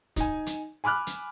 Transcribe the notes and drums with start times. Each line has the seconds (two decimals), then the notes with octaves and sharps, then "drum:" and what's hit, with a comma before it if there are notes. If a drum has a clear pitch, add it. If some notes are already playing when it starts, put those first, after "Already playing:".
0.16 D#4 G#5, drum: kick, hi-hat
0.46 drum: hi-hat
0.84 G#5 B5 D6 F6 F#6
1.07 drum: hi-hat